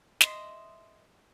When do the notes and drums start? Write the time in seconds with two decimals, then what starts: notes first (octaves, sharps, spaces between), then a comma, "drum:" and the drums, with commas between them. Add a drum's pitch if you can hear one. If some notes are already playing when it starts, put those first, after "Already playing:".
0.21 D#5 E5 C6 D#6, drum: snare